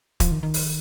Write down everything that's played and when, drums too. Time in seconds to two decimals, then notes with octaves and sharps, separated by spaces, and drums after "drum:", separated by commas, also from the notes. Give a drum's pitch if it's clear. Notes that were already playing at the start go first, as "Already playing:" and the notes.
0.20 F3, drum: kick, hi-hat
0.31 D#3
0.43 D#3
0.54 drum: open hi-hat